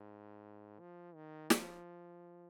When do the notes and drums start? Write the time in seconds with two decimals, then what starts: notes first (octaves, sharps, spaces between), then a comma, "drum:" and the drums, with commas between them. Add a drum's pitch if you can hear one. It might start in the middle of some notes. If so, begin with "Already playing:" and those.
Already playing: G#2
0.80 F3
1.15 D#3
1.50 F3, drum: snare